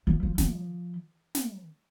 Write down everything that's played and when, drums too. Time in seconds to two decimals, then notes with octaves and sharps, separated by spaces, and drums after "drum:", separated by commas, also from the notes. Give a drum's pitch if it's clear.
0.07 F3
0.23 F3
0.38 F3, drum: snare
1.35 drum: snare